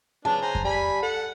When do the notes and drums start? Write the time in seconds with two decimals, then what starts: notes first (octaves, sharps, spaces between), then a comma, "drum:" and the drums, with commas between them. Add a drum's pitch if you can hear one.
0.25 C#3 B3 D4 A5
0.42 C5 G#5 A#5
0.55 drum: kick F2
0.65 G3 G#5 B5
1.03 A4 F#5